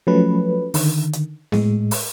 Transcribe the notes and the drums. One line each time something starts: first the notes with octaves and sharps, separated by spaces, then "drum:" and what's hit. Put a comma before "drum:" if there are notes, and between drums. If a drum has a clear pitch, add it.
F3 F#3 A3 C#4 B4
D3 D#3, drum: open hi-hat
drum: hi-hat
A2 G#3, drum: snare B3
drum: open hi-hat